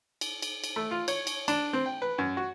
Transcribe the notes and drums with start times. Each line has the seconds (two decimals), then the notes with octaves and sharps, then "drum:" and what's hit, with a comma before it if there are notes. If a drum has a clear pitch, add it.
0.21 drum: cymbal
0.42 drum: cymbal
0.64 drum: cymbal
0.76 A3
0.91 F4
1.08 C#5, drum: cymbal
1.27 drum: cymbal
1.48 D4, drum: cymbal
1.73 C4
1.86 G5
2.02 B4
2.18 F#2
2.37 F#4